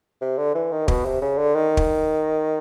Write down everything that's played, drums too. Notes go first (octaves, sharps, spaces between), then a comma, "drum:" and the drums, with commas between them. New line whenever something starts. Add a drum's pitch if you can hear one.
C3
D3
E3
D#3
B2, drum: kick
C3
C#3
D3
D#3
drum: kick